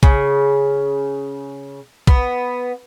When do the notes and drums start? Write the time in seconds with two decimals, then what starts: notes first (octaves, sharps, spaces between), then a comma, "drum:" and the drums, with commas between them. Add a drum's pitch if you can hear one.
0.03 C#3, drum: kick B1
2.07 B3, drum: kick B1